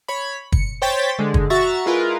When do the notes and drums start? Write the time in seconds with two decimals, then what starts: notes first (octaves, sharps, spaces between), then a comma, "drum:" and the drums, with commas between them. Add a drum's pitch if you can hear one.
0.08 C#5 B5
0.52 C#7, drum: kick
0.82 C5 C#5 G5 G6 A6 B6
1.18 D3 G#3
1.34 drum: kick
1.50 F#4 E5 A#5 C#6 A6
1.86 G#3 E4 F4 A#4 B4